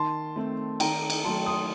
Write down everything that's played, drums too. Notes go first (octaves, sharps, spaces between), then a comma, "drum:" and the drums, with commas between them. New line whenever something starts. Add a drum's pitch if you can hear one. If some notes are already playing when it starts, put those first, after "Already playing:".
Already playing: D#3 A5 C6
A3 C4
D#3 G5 A#5, drum: cymbal
drum: cymbal
F#3 A3 A5 C6
C6 D#6